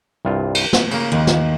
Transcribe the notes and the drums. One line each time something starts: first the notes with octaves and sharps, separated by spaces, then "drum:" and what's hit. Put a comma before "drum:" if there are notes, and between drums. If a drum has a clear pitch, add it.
C2 G2 F4
drum: cymbal
drum: snare
C#3 A#3, drum: cymbal
D#2
drum: snare